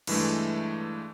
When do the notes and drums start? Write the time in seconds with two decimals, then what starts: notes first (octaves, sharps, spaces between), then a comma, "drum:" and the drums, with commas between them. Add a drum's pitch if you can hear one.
0.07 G2 E3 G#3 A3, drum: cymbal